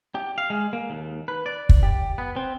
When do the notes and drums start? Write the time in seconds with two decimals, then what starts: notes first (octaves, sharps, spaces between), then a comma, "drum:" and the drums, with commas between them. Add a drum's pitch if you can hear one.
0.15 G4
0.38 F5
0.50 G#3
0.73 A#3
0.90 D#2
1.28 B4
1.46 D5
1.69 drum: kick
1.83 G4
2.18 B3
2.36 C4